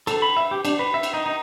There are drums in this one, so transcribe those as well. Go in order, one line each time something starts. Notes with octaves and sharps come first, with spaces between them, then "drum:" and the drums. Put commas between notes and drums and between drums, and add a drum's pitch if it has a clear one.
A4, drum: cymbal
B5
E5
G4
D4, drum: cymbal
B4
E5
drum: cymbal
D#4
D#4